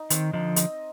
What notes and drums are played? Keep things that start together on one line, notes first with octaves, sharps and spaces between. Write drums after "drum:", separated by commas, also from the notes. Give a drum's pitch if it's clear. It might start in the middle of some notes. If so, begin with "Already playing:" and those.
Already playing: D#4
D#3 C4, drum: hi-hat
D3 F3 D#4
D#5, drum: hi-hat